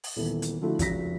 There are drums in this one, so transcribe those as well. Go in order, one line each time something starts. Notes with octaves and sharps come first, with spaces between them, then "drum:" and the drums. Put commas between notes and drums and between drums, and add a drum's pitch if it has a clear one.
drum: open hi-hat
D#1 E3 B3 A4
drum: hi-hat
D3 F3 A3 E4 F#4
F1 C#2 F#4 A#6 B6, drum: kick, hi-hat